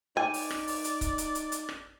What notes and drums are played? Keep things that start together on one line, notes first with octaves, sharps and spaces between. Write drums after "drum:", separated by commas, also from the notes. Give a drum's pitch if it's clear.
D#4 D5 G5 G#5
drum: open hi-hat
drum: rim click
drum: open hi-hat
drum: hi-hat
drum: kick C#1, hi-hat
drum: hi-hat
drum: hi-hat
drum: hi-hat
drum: rim click